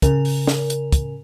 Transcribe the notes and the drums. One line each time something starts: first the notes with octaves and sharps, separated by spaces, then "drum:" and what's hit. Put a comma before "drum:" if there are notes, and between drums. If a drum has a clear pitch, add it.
C#3 A#4, drum: kick, hi-hat
drum: open hi-hat
drum: snare
drum: hi-hat
drum: kick, hi-hat